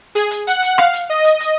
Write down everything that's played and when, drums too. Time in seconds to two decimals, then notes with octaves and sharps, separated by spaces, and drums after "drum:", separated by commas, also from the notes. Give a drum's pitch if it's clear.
0.15 G#4, drum: hi-hat
0.31 drum: hi-hat
0.47 F#5, drum: hi-hat
0.62 drum: hi-hat
0.78 F5, drum: rim click
0.93 drum: hi-hat
1.10 D#5
1.25 drum: hi-hat
1.40 drum: hi-hat